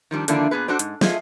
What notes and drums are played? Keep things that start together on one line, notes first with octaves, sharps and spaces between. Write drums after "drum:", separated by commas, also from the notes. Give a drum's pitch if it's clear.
D#3 F3 G3 D4
D3 D#3 F3 A#3 D4 E4, drum: hi-hat
A#2 D#3 B3 G#4 B4
D4 F#4 A4 C5 D5
G#2, drum: hi-hat
A3 F4 G#4 C5 D#5, drum: snare